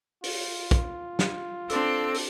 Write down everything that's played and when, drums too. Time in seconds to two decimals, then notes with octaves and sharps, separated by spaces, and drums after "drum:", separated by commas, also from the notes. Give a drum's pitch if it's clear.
0.24 F4, drum: open hi-hat
0.71 drum: kick, hi-hat
1.19 drum: snare
1.70 C4 D4 A4 E6, drum: hi-hat
2.14 drum: open hi-hat